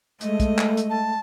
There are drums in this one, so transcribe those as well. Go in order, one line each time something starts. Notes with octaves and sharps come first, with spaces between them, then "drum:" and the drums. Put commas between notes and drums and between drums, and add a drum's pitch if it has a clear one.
G#3 A3 D#5, drum: hi-hat
drum: kick, hi-hat
drum: clap
drum: hi-hat
A5